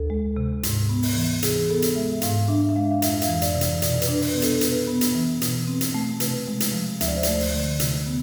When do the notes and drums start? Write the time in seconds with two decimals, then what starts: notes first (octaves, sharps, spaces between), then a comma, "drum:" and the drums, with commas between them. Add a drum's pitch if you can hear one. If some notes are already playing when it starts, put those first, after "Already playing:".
Already playing: D2 A4
0.10 G#3
0.37 C3
0.63 G#2, drum: hi-hat
0.89 B3
1.03 drum: open hi-hat
1.15 E3
1.43 C3 G#4, drum: hi-hat
1.69 B3 A4
1.82 drum: hi-hat
1.95 G#3 E5
2.22 G#2 F5, drum: hi-hat
2.48 D4 E5
2.69 E5
2.76 G#3 F5
2.91 F5
3.02 F2 E5, drum: hi-hat
3.22 F5, drum: hi-hat
3.28 E3
3.42 D5, drum: hi-hat
3.55 C3
3.61 D5, drum: hi-hat
3.82 B2 D5, drum: hi-hat
4.02 B4, drum: hi-hat
4.07 D4
4.22 B4, drum: open hi-hat
4.34 B3
4.42 A4, drum: hi-hat
4.61 C3 B4, drum: hi-hat
4.87 B3
5.01 drum: hi-hat
5.15 E3
5.41 B2, drum: hi-hat
5.67 C4
5.81 drum: hi-hat
5.94 A3
6.20 C3 B4, drum: hi-hat
6.47 G#3
6.60 drum: hi-hat
6.73 F3
7.01 D2 E5, drum: hi-hat
7.07 D5
7.16 C5
7.23 A3 D5, drum: hi-hat
7.40 drum: open hi-hat
7.54 D3
7.80 C3, drum: hi-hat
8.06 B3